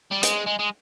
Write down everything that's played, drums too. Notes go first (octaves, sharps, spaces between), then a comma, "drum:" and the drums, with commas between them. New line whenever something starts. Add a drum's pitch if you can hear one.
G3
G#3, drum: hi-hat
G#3
G#3